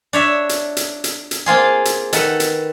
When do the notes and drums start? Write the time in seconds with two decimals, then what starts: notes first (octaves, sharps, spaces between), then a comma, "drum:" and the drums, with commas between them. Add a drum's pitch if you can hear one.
0.13 D4 C#5 E5
0.49 drum: hi-hat
0.77 drum: hi-hat
1.04 drum: hi-hat
1.31 drum: hi-hat
1.46 A#3 C4 F4 G#4
1.85 drum: hi-hat
2.13 D#3 A4 B4 F#5, drum: hi-hat
2.40 drum: hi-hat